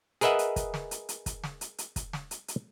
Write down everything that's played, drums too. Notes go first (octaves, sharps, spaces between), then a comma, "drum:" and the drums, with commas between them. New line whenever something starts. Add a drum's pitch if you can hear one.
G#4 A#4 B4 D#5 E5 F#5, drum: hi-hat
drum: hi-hat
drum: kick, hi-hat
drum: snare
drum: hi-hat
drum: hi-hat
drum: kick, hi-hat
drum: snare
drum: hi-hat
drum: hi-hat
drum: kick, hi-hat
drum: snare
drum: hi-hat
drum: hi-hat